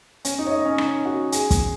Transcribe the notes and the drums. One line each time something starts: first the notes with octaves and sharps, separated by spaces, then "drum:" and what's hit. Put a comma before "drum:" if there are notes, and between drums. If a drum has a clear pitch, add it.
C#4, drum: hi-hat
D#4
C#5
D#5
C#4
D#4, drum: rim click
F#4
G#4, drum: hi-hat
drum: kick, hi-hat